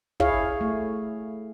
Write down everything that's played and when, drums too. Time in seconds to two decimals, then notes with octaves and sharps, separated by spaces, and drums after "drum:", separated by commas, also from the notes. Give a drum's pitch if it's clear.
0.20 E4 G#4 C#5 F5, drum: kick
0.61 A3